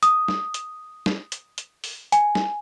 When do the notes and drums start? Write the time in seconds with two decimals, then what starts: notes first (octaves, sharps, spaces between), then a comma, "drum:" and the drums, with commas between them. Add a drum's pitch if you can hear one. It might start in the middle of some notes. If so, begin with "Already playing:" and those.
0.03 D#6, drum: hi-hat
0.28 drum: snare
0.54 drum: hi-hat
1.06 drum: snare
1.32 drum: hi-hat
1.58 drum: hi-hat
1.84 drum: open hi-hat
2.12 G#5, drum: hi-hat
2.35 drum: snare